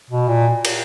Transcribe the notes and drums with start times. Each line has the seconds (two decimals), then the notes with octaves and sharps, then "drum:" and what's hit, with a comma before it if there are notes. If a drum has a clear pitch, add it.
0.10 B2
0.28 A#2
0.65 drum: cymbal